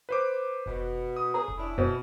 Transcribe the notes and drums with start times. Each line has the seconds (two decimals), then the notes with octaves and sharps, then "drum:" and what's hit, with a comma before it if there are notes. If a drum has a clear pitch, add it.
0.09 B4 C5 D6
0.66 B2, drum: kick F1
1.16 D#6
1.34 C#3 A3 G#4 B4 A#5
1.48 drum: kick F1
1.57 C#4 D4 E4
1.78 F#2 B2 C5